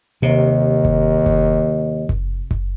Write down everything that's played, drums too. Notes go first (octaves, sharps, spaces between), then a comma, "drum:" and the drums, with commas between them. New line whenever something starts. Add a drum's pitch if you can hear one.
D#2 C3
drum: kick F#1
drum: kick F#1
drum: kick F#1
drum: kick F#1